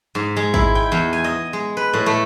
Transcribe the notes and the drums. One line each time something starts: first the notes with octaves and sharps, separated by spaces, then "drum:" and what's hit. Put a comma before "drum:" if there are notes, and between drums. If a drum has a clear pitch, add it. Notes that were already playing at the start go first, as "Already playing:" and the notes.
G#2
G#3
E4, drum: kick
G5
E2
G#5
D#5
G#3
B4
A2
A3